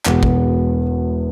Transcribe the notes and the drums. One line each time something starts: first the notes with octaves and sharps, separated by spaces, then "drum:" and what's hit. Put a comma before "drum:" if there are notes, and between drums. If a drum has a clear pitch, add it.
E1 E2 B2 G#3 B3, drum: clap
drum: kick